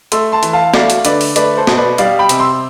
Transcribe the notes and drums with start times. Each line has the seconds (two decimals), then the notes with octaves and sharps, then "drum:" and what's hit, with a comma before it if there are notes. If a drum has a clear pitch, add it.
0.12 A3 C6 E6, drum: hi-hat
0.32 A5 C6
0.43 E3, drum: hi-hat
0.53 F5 A5
0.74 A3 D5 F5, drum: snare
0.90 drum: hi-hat
1.05 D3 B4 D5, drum: hi-hat
1.21 drum: open hi-hat
1.36 A3 B4 D5, drum: hi-hat
1.57 A4 C5
1.67 B2, drum: snare
1.77 B4 D5
1.98 G3 D5 F5, drum: hi-hat
2.19 G5 B5
2.29 C3, drum: hi-hat
2.40 C6 E6